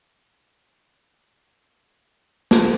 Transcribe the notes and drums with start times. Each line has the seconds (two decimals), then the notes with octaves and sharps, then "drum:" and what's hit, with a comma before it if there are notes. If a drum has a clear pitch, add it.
0.24 A#4 C#6
0.55 D2 F3 G#3 A5 G6 D7
2.51 drum: snare